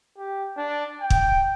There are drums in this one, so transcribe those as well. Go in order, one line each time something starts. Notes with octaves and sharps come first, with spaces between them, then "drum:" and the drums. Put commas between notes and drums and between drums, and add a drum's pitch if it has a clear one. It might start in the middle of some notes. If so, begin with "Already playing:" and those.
G4
D4
G5
drum: kick